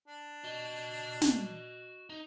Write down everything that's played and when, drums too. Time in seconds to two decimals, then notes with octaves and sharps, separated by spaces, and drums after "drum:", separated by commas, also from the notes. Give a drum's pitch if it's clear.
0.08 D4
0.44 F#4 D#5
1.22 drum: snare
2.10 D#4